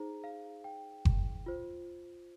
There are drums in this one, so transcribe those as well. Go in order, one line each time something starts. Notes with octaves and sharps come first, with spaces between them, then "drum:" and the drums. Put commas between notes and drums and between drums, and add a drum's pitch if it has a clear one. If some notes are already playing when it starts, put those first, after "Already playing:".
Already playing: D#4 G#4 C5 A#5
F5
G5
drum: kick F#1
F4 C5